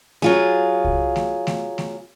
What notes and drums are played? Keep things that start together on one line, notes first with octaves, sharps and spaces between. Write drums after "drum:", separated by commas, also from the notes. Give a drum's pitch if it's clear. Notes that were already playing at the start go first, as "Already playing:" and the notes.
F#3 F4 G#4, drum: snare A3
drum: kick C2
drum: snare A3
drum: snare A3
drum: snare A3